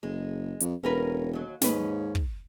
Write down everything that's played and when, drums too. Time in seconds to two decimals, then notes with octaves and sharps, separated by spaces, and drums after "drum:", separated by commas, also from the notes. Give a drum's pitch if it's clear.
0.03 F#1 G#3
0.60 F2, drum: hi-hat
0.83 E1 C#4 A#4 B4
1.33 D#2 F#3
1.61 D#2 G#2 C#4 B4, drum: snare
2.15 drum: kick